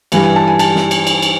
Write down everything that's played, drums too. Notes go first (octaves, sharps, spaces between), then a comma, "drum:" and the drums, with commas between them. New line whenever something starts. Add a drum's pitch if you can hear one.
G2 E3 G3 G#5, drum: cymbal
G#5
A5
G#5
A5, drum: cymbal
drum: snare
drum: cymbal
drum: cymbal
drum: cymbal